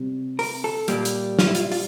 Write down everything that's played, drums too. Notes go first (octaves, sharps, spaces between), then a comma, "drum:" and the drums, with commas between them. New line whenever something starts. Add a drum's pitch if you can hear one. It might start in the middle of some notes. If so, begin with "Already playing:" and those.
Already playing: C3 G3
A#4, drum: open hi-hat
A4
A#2 G3 A#3, drum: hi-hat
drum: hi-hat
F4, drum: snare
E4
F4, drum: hi-hat
F4, drum: open hi-hat